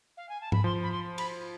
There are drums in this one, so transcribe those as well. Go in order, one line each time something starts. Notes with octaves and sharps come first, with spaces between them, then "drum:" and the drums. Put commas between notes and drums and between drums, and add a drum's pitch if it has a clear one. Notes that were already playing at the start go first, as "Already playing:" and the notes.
F5
G#5
A5
B5, drum: tom G#2
F3 C6
B5
C6
B5, drum: cymbal